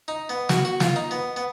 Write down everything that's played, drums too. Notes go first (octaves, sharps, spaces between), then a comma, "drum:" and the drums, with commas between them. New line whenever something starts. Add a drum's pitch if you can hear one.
D#4
B3
F#4, drum: snare
F#4
F4, drum: snare
D#4
B3
B3